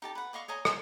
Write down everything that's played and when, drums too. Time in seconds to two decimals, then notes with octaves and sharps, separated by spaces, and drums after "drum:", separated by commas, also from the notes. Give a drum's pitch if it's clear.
0.02 D#4 G4 A5
0.15 B4 F#5
0.33 D5 D#5 F5 C#6
0.48 C#5 D#5 G#5 A#5
0.65 C5, drum: rim click